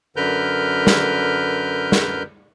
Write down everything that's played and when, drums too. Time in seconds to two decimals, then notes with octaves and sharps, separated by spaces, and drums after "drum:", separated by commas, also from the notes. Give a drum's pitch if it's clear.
0.16 F#2 D3 A#4 B4 F6 G6
0.87 drum: snare
1.92 drum: snare